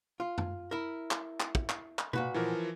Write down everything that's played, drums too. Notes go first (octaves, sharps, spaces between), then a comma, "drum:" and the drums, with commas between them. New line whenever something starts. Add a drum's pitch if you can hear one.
F4
drum: tom
E4 A#4
drum: clap
drum: clap
drum: kick
drum: clap
drum: clap
A#2 F#4 B4, drum: tom B2
E3 F3 A#4